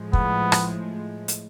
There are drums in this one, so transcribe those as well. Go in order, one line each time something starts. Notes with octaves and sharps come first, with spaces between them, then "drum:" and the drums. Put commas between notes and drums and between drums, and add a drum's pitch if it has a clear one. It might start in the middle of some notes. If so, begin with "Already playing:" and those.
Already playing: A2 F3 G#3
B3, drum: kick
drum: rim click
drum: hi-hat